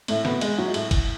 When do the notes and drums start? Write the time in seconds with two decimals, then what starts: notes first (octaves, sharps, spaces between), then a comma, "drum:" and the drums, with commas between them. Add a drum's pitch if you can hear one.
0.08 A2 A3, drum: cymbal
0.25 B2 B3, drum: snare
0.41 G#3, drum: cymbal
0.58 F#3
0.68 G#3
0.74 A2 A3, drum: cymbal
0.91 drum: kick, cymbal